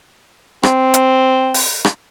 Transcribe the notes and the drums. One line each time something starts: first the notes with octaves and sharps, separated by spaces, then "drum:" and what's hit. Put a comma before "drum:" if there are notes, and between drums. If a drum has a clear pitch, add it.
C4, drum: rim click
drum: hi-hat
drum: open hi-hat
drum: rim click